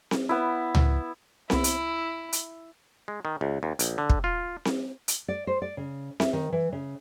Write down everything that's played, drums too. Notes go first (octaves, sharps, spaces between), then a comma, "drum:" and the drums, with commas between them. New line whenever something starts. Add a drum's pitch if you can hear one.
drum: snare C4
B3 E4
drum: tom C#2
C2 B3 E4, drum: snare C4
drum: hi-hat
drum: hi-hat
G#3
D#3
C#2
D#2
A#1, drum: hi-hat
D3
drum: kick
F4
drum: snare C4
drum: hi-hat
D5
C5
D5
C#3
E5, drum: snare C4
D#3
E3
C#3